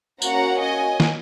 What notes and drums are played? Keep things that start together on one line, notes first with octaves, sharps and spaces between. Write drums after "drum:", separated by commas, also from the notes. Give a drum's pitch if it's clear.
A#3 C#4 F#4 F#5 A#5, drum: tambourine
D#5 G#5
drum: snare